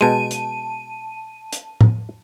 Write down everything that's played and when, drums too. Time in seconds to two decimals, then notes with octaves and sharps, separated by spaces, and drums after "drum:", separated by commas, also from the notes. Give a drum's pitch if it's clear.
0.01 B2 G#3 A5 D#7
0.31 drum: hi-hat
1.53 drum: hi-hat
1.81 drum: tom A2